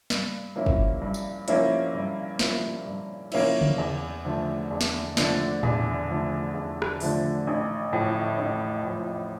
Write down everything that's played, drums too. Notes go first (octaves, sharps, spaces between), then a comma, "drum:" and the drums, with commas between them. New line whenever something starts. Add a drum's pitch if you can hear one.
G2, drum: snare
F3 A#3 C#4 E4
drum: kick
G2
drum: tambourine
F3 A#3 C#4 E4, drum: hi-hat
G2
F3 A#3 C#4 E4, drum: snare
G2
F3 A#3 C#4 E4, drum: cymbal
drum: tom C#3
E2
D3 F3 A3
E2
drum: snare
D3 F3 A3, drum: snare
E2, drum: tom A2
D3 F3 A3
E2
drum: rim click
D3 F3 A3, drum: open hi-hat
A1
A2 F3
A1
A2 F3